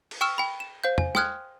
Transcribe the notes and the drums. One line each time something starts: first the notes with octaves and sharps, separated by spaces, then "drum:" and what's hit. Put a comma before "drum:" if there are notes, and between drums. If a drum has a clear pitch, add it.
drum: cymbal
G5 C#6 E6 F6 E7
G5 B5
E7
C5 F5 G6
G#5, drum: tom
G5 C6 D#6 F6 F#6 G#6, drum: snare